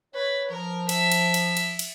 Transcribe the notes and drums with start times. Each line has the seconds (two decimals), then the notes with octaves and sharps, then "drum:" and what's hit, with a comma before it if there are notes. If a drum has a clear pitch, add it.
0.14 B4 C#5
0.50 F3 A#4
0.89 E5, drum: cymbal
1.12 drum: cymbal
1.34 drum: cymbal
1.57 drum: cymbal
1.79 drum: cymbal